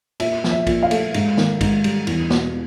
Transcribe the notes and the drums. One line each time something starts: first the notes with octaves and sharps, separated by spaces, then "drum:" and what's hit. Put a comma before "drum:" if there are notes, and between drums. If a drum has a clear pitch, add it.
A#2 E5, drum: cymbal
F3, drum: snare
E5
A#2, drum: kick, cymbal
F5
A3, drum: cymbal
G#2, drum: cymbal
D#3, drum: snare
G#2, drum: kick, cymbal
G3, drum: cymbal
E2, drum: cymbal
B2, drum: snare